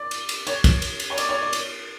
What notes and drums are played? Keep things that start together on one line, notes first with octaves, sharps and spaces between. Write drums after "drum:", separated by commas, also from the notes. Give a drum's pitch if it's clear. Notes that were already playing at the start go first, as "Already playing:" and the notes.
Already playing: D5
drum: cymbal
drum: cymbal
C#5, drum: cymbal
drum: kick, cymbal
drum: cymbal
drum: cymbal
C#5
D5, drum: cymbal
C#5
D5
drum: cymbal